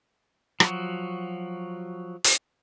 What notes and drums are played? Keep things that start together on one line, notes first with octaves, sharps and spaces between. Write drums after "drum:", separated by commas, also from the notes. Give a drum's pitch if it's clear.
F3 F#3 F#4, drum: rim click
drum: hi-hat